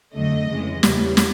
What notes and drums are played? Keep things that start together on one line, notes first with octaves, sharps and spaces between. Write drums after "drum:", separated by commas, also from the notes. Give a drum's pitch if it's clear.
F2 D3 F#3 A3 D#5
F2 C#3 E3 G#3
E2 C#3 E3 G3, drum: snare
drum: snare